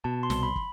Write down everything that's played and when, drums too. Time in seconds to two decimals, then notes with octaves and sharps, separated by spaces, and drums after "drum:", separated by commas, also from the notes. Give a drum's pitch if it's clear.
0.04 B2 A5
0.23 C6
0.30 C2, drum: snare
0.43 B5
0.56 drum: kick